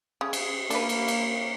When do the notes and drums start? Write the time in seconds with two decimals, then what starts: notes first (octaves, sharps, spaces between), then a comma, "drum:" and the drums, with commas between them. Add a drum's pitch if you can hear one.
0.21 C#3
0.33 drum: cymbal
0.70 A#3 D4 B4, drum: cymbal
0.89 drum: cymbal
1.08 drum: cymbal